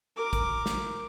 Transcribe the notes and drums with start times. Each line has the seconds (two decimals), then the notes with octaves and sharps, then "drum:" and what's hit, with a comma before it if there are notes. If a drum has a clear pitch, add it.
0.16 A#4 D6
0.33 drum: kick, hi-hat
0.66 drum: snare